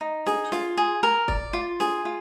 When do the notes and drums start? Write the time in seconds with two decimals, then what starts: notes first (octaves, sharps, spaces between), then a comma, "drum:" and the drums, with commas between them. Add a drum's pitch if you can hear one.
0.01 D#4
0.26 G#4, drum: snare
0.52 F4, drum: snare
0.77 G#4
1.03 A#4
1.28 D5, drum: kick
1.53 F4
1.80 G#4, drum: snare
2.05 F4